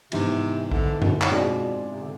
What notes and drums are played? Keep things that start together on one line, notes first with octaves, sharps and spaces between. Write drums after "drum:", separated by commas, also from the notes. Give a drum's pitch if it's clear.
G#2 C3 E3 B3 E4, drum: cymbal
D3, drum: kick A#1
B2, drum: tom F#2
A2, drum: clap
B2 G#3 C4 F4 G#4 D5
C3
D3